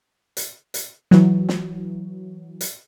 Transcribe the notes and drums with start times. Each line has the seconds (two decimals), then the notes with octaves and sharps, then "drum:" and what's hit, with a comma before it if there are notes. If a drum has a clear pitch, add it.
0.37 drum: hi-hat
0.74 drum: hi-hat
1.11 E3 F#3, drum: snare
1.49 drum: snare
2.61 drum: hi-hat